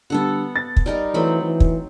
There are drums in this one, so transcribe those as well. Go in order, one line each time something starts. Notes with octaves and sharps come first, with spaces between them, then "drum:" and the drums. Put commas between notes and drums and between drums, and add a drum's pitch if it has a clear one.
D3 G3 B3 A4 F#5
A6
drum: kick
G3 D#4 A#4
E3 F#3 A3 C4 B5
E3
drum: kick